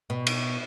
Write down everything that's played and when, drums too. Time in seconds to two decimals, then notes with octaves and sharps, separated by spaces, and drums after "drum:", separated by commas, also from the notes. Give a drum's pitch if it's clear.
0.10 B2
0.27 drum: cymbal